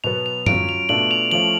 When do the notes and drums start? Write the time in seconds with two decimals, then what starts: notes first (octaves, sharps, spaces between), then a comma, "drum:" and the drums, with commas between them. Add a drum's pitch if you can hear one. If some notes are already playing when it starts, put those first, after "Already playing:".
0.04 B2 F#3 B3 F7
0.26 F7
0.46 F#3 C#4 F4 D7, drum: tom F#2
0.69 F7
0.89 B2 A3 D4 F4 F#7
1.11 F7
1.31 F3 A3 C#4 F4 F#7